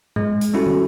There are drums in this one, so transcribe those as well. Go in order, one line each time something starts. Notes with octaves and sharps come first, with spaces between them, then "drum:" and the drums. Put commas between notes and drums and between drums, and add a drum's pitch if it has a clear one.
G#3, drum: tom A2
drum: hi-hat
G3 C#4 E4 F#4 A4
drum: tom